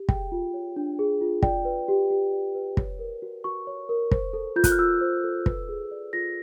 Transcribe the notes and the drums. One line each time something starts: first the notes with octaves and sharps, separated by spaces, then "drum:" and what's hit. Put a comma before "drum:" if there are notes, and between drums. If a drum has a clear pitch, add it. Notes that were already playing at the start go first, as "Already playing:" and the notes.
Already playing: G4
G#4 G5, drum: kick
F4
C#5
D4
G#4
F4
D5 G5, drum: kick
B4
G4
G4
D5
B4
C#5, drum: kick
A#4
F#4
F#4 C#6
C#5
A#4
C5, drum: kick
A4
F4 G6
F#6, drum: kick, hi-hat
F6
F4 E6
C5
A4
B4, drum: kick
G#4
D5
F4 A#6